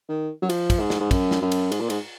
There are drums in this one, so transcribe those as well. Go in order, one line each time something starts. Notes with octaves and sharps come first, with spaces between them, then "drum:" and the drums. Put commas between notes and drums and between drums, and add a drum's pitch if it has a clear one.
D#3
F#3
F3, drum: cymbal
drum: kick, cymbal
G#2
drum: snare
G#2
F#2, drum: kick, cymbal
drum: snare
F#2
drum: cymbal
G#2, drum: cymbal
A#2
G#2, drum: cymbal